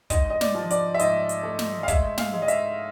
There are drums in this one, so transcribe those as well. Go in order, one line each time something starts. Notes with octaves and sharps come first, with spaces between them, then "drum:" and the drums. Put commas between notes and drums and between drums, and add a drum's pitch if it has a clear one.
G#2 D#5, drum: kick, hi-hat
D#5
D5, drum: snare
F3
D5, drum: hi-hat
E5
G#2 D#5, drum: hi-hat
drum: hi-hat
A3
drum: snare
F5
G#3 E5, drum: kick, hi-hat
F5, drum: snare
G#3
D#5
E5, drum: hi-hat